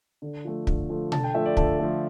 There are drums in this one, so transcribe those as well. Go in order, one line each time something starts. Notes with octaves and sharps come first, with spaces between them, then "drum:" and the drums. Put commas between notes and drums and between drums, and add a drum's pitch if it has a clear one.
D3
F3 A3
D3, drum: kick
F3 A3
D3 A5, drum: tom B2
G5
F3 A3 E5
D5
D3 A5, drum: kick
F3 A3